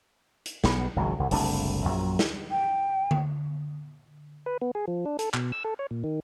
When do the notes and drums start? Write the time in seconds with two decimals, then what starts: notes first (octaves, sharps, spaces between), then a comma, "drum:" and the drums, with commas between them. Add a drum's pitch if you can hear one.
0.46 drum: hi-hat
0.64 B1 B3, drum: snare
0.96 G#1 C#2 D#3 F#3
1.19 C2
1.31 F#1 C2 A3 D4, drum: open hi-hat
1.85 A#1 F#2 D3 F#3
2.19 drum: snare
2.51 G5
3.11 drum: tom D3
4.46 B4
4.62 B3
4.75 G#4
4.88 F3
5.06 D4
5.19 A4, drum: hi-hat
5.34 B2, drum: clap
5.52 E6
5.64 A4
5.79 C#5
5.91 A#2
6.04 D#3